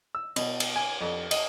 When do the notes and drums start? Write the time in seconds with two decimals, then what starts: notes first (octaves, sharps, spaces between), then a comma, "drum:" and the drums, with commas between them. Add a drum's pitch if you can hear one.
0.15 E6
0.36 B2, drum: cymbal
0.60 drum: cymbal
0.76 G#5
1.01 F2
1.31 D#5, drum: cymbal